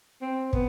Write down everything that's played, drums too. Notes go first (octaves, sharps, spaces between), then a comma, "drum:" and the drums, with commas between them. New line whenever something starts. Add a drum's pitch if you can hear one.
C4
B3, drum: kick